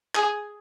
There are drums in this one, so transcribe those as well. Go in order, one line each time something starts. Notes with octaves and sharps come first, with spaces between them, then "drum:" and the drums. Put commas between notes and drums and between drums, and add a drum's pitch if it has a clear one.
G#4, drum: clap